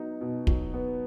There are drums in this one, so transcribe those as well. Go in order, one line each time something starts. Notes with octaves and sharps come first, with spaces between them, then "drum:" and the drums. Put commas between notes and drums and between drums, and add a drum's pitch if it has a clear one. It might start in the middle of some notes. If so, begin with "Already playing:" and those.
Already playing: F#3 B3 D#4
B2
F#3, drum: kick
B3